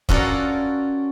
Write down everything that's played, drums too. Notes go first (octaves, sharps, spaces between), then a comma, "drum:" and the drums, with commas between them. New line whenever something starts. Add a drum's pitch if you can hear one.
C#4 F4 F#4 A4 A#4 D5, drum: kick